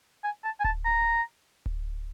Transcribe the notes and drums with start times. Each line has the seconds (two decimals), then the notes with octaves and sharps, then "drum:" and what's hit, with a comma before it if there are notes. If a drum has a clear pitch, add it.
0.24 G#5
0.44 A5
0.60 G#5
0.64 A5, drum: kick D1
0.85 A#5
1.66 drum: kick D1